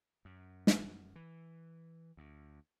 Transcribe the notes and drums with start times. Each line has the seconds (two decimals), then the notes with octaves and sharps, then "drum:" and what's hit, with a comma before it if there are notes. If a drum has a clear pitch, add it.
0.25 F#2
0.67 drum: snare
1.16 E3
2.17 D2